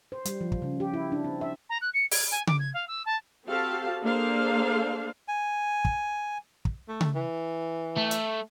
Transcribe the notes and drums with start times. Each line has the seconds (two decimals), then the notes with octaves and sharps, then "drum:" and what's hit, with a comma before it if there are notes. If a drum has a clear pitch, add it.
0.12 C5
0.25 G3, drum: hi-hat
0.41 F3
0.52 drum: kick
0.62 C#3
0.80 G4
0.94 E4
1.12 D4
1.25 C4
1.41 E5
1.69 A#5
1.81 F#6
1.94 C#7
2.11 G#6, drum: open hi-hat
2.31 G#5
2.47 D6, drum: tom C#3
2.59 G#6
2.74 F5
2.88 E6
3.06 A5
3.48 C4 F#4 G4 A4 F5 A5
4.04 A#3 D4 G#4 A4 C5 F5
5.28 G#5
5.85 drum: kick
6.65 drum: kick
6.88 A3
7.01 drum: tom C#3
7.15 E3
7.97 A3
8.11 drum: hi-hat